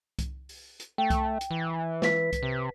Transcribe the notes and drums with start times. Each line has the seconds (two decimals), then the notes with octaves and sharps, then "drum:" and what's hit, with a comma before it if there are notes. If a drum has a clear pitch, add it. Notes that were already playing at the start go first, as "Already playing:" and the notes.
0.19 drum: kick C2, hi-hat
0.49 drum: open hi-hat
0.80 drum: hi-hat
0.98 A3 G5
1.10 drum: kick C2, hi-hat
1.41 drum: hi-hat
1.51 E3
2.02 B4 B6, drum: snare
2.33 drum: kick C2, hi-hat
2.43 C3